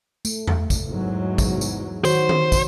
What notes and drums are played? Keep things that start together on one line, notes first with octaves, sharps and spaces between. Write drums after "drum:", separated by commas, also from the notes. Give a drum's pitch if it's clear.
A3, drum: tambourine
drum: tom E2
drum: kick, tambourine
E2 G#2 F#3
drum: kick, tambourine
drum: tambourine
D#3 F#4 C5 C#5, drum: tambourine
drum: tom D#3
drum: kick, tambourine